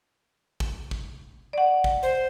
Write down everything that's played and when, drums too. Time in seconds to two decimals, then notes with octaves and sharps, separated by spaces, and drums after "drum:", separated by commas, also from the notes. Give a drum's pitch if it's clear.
0.60 drum: kick
0.91 drum: kick
1.53 D5 F#5
1.84 drum: kick
2.03 C5